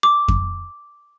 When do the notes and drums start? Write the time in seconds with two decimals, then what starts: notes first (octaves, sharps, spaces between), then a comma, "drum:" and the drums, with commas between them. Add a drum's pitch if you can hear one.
0.03 D6
0.28 drum: kick F2